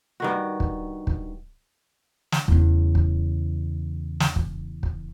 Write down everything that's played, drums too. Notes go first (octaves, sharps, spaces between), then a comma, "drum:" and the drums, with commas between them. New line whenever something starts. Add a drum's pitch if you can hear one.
G2 D#3 F#4
drum: kick
drum: kick
drum: snare
E2 C#3, drum: kick
drum: kick
drum: snare
drum: kick
drum: kick